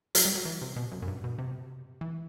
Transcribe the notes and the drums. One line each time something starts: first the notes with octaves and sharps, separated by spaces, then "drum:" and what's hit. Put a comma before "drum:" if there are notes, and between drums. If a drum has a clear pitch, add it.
F#3, drum: hi-hat
G3
F#3
E3
C3
B2
F#2
F#2
G2
B2
C3
E3